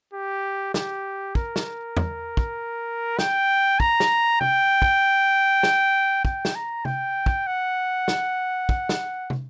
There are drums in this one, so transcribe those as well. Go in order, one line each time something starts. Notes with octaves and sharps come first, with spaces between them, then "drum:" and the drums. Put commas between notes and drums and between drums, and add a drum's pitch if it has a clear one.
G4
G4, drum: snare
A#4, drum: kick
drum: snare
drum: tom E2
drum: kick
G5, drum: snare
A#5, drum: kick
drum: snare
G5, drum: tom
drum: kick
drum: snare
G5, drum: kick
drum: snare
A#5
G5, drum: tom
drum: kick
F#5
drum: snare
drum: kick
drum: snare
drum: tom